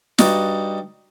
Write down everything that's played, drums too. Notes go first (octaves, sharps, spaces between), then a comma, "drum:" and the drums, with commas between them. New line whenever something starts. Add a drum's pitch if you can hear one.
G2 G3 D#4 F#4, drum: snare